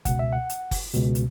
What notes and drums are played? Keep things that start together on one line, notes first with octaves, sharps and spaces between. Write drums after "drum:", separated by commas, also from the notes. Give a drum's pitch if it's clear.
C#2 B2 F#5, drum: kick, hi-hat
E5
F#5
drum: hi-hat
drum: kick, open hi-hat
C#2 B2, drum: hi-hat
drum: hi-hat